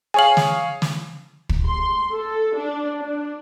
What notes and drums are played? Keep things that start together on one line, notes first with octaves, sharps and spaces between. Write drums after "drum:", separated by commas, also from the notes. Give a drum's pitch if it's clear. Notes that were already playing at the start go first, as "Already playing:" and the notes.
G#4 C#5 F5 G#5 F#7
drum: snare
drum: snare
drum: kick
C6
A4
D4
D4